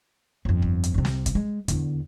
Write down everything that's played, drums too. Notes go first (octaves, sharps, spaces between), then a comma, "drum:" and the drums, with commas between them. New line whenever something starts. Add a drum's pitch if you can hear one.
G1 F2
drum: kick
drum: hi-hat
C2 C3
drum: snare
drum: kick, hi-hat
G#3
E2 D3, drum: kick, hi-hat